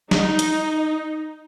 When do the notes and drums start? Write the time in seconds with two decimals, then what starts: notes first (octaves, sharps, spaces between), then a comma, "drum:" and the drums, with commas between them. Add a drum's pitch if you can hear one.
0.11 D#4, drum: snare
0.39 drum: hi-hat